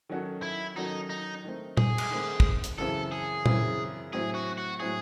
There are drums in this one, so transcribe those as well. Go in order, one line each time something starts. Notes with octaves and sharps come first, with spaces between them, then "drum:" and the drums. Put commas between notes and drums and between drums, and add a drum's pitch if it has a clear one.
D#3 F#3 C#4 F#4 A4
E4
D#3 F#3 C#4 D#4 F#4 A4
D#4
D#3 A3 C4
G#4, drum: tom
drum: cymbal
D#3 A3 C4
drum: kick
drum: hi-hat
F#2 C#3 E3 C4 E4 A4
G#4
F#2 C#3 E3 C4 E4, drum: tom
A2 F#3 C4 E4 G#4
F#4
F#4
A2 F#3 C4 E4 G#4